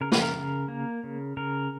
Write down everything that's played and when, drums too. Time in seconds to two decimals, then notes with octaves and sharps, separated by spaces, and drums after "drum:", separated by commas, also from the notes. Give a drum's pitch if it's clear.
0.01 C#3 A#4
0.12 B4, drum: snare
0.22 A#4
0.35 C#3
0.68 A#3
1.04 C#3
1.37 C#3 A#4